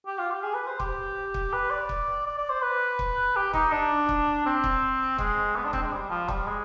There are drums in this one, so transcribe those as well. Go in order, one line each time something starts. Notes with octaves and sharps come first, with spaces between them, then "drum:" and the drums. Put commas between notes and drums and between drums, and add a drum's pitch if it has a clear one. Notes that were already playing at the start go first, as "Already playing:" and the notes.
G4
F4
G4
G#4
B4
C5
G4, drum: kick
drum: kick
B4
D5
drum: kick
D5
D5
C5
B4
drum: kick
G4
D#4, drum: kick
D4
drum: kick
C4
drum: kick
G#3, drum: kick
B3
D4
C4, drum: kick
G#3
G3
F3
G3, drum: kick
G#3